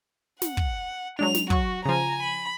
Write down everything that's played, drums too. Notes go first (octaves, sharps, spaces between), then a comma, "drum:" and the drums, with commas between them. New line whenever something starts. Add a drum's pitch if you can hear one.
F#5, drum: snare
drum: kick
F#3 G#3 D4 F7
drum: snare
F#3 F#4 C#6, drum: kick
C#3 F3 G#5 A#5
B5